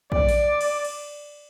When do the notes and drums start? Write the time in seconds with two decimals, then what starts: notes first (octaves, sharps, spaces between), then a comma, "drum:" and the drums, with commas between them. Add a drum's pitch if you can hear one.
0.12 D5, drum: kick A#1
0.29 drum: open hi-hat
0.61 drum: cymbal
0.85 drum: cymbal